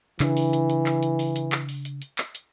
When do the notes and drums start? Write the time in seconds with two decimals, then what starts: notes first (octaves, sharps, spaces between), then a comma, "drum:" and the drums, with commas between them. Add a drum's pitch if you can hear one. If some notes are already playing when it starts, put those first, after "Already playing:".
0.20 C#3 E3 D4, drum: clap
0.37 drum: open hi-hat
0.53 drum: hi-hat
0.70 drum: hi-hat
0.86 drum: clap
1.03 drum: hi-hat
1.19 drum: open hi-hat
1.36 drum: hi-hat
1.52 drum: clap
1.69 drum: open hi-hat
1.85 drum: hi-hat
2.02 drum: hi-hat
2.18 drum: clap
2.35 drum: hi-hat